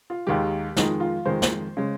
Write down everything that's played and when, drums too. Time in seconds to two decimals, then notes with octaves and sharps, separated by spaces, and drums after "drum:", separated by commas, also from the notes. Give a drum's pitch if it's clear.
0.10 F4
0.27 D#2 D#3 G#3 G4
0.77 F2 D#3 G#3 D#4, drum: snare
1.00 F4
1.25 F2 D#3 G#3 C5
1.42 drum: snare
1.77 C#3 G#3